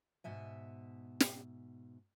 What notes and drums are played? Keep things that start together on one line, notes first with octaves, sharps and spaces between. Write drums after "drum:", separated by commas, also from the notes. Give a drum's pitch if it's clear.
G#2 B2 E5 G#5
drum: snare